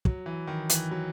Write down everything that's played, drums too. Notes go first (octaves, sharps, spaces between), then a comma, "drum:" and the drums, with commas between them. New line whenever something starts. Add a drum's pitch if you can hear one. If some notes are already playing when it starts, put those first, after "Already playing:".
F#3, drum: kick
E3
D#3
E3, drum: hi-hat
F#3